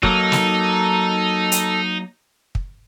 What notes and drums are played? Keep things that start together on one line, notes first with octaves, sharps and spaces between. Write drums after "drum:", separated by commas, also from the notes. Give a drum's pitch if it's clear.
F#3 A#3 D#4 A4, drum: kick
drum: snare
drum: hi-hat
drum: kick